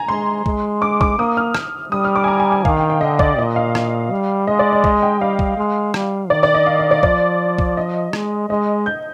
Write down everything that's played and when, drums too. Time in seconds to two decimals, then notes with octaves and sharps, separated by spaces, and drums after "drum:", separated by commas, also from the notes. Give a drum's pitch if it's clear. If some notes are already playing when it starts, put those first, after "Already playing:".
Already playing: G#5 A#5
0.09 G#3 C6
0.46 G#3, drum: kick
0.82 D6
1.01 D6, drum: kick
1.19 A#3 D#6
1.37 F6
1.55 F6, drum: rim click
1.92 G3 D#6
2.04 F6
2.16 D6
2.24 G#5
2.28 A#5
2.40 G#5
2.52 G#5
2.65 D#3 F5, drum: kick
2.77 G5
2.90 G5
3.01 D3 D#5
3.19 D5, drum: kick
3.38 A#2 D#5
3.56 F5
3.75 F5, drum: rim click
4.12 G3
4.47 G#3 D#5
4.59 D5
4.73 D#5
4.84 D#5, drum: kick
5.02 G5
5.20 G3 F5
5.39 drum: kick
5.57 G#3
5.94 G3, drum: rim click
6.30 D#3 D5
6.43 D5
6.55 D#5
6.67 F5
6.79 D#5
6.91 D5
7.03 F3 D5, drum: kick
7.59 drum: kick
7.77 D#5
8.13 G#3, drum: rim click
8.49 G#3 D#5
8.86 G6